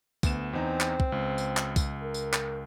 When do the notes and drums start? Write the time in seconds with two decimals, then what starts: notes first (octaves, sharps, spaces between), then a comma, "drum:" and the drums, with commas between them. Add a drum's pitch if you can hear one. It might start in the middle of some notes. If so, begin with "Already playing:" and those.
0.23 D2 B3 E7, drum: kick, tambourine
0.53 E2 C4 D#4 A#5
0.81 drum: clap
1.00 drum: kick
1.12 C#2
1.38 drum: tambourine
1.57 drum: clap
1.76 drum: kick, tambourine
2.03 A#4
2.14 drum: tambourine
2.33 drum: clap